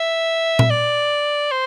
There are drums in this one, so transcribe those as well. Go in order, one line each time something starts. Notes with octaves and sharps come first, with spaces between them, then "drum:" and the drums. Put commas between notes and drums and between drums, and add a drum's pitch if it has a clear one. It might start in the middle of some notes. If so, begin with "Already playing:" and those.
Already playing: E5
drum: tom A#2
D5
C5